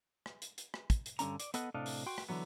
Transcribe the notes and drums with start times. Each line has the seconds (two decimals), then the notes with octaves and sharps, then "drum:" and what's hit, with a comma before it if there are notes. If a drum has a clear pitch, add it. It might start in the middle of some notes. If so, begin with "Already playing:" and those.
0.26 drum: rim click
0.42 drum: hi-hat
0.58 drum: hi-hat
0.74 drum: rim click
0.90 drum: kick, hi-hat
1.06 drum: hi-hat
1.19 G2 D3 C#4 A#5, drum: hi-hat
1.40 D5, drum: hi-hat
1.54 B3 A4 D#5 F#5, drum: hi-hat
1.74 A2 C3 D4 A4 D#5 F5
1.86 drum: open hi-hat
2.06 F#4 G5 C6
2.18 drum: rim click
2.29 D3 E3 F#3 B3